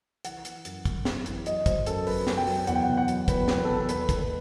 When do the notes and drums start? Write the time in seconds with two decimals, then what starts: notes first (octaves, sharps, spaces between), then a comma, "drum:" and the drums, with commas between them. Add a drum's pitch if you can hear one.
0.25 E3 F#5, drum: hi-hat
0.45 E3, drum: hi-hat
0.65 F#2, drum: hi-hat
0.85 F#2, drum: kick, hi-hat
1.05 E3, drum: snare
1.26 E3, drum: hi-hat
1.46 F#3 D#5, drum: hi-hat
1.66 F#3 C5, drum: kick, hi-hat
1.86 F#2 A4, drum: hi-hat
2.07 F#2 B4, drum: open hi-hat
2.27 F#3, drum: snare
2.37 G5
2.47 F#3, drum: open hi-hat
2.67 E2 F#5, drum: hi-hat
2.75 G5
2.84 B2 F#5
2.97 F#5
3.08 F#3, drum: hi-hat
3.28 E2 B4, drum: kick, hi-hat
3.48 E2, drum: snare
3.58 B4
3.65 A4
3.68 B2
3.80 A4
3.89 D#2 B4, drum: hi-hat
4.09 D#3, drum: kick, hi-hat
4.19 B4